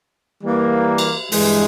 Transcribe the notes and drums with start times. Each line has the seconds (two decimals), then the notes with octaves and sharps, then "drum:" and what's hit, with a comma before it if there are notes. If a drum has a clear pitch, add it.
0.42 E3 G3 A#3
0.98 drum: cymbal
1.32 G2 E3 G#3, drum: open hi-hat